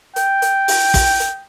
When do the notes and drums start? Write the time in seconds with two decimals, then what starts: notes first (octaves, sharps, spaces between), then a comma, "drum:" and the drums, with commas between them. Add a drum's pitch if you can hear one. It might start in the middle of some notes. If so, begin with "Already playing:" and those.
0.16 G5, drum: hi-hat
0.42 drum: hi-hat
0.68 drum: open hi-hat
0.94 drum: kick, open hi-hat
1.20 drum: hi-hat